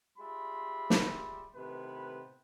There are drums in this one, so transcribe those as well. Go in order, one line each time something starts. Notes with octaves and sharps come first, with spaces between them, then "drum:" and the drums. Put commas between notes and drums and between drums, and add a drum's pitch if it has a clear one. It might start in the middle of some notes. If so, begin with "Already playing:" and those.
G3 G#3 F4 E5 B5 C6
drum: snare
A2 C3 D#3 B3 B4